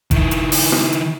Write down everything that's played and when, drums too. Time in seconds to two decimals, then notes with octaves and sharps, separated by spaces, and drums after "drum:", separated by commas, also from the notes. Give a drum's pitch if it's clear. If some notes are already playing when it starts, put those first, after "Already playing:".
0.11 D#3 E4, drum: kick F#1, hi-hat
0.31 drum: hi-hat
0.52 drum: open hi-hat
0.72 drum: rim click
0.93 drum: hi-hat